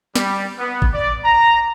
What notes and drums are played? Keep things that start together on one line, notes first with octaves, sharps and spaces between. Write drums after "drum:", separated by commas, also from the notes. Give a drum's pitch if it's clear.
G3, drum: snare
B3
drum: kick
D5
A#5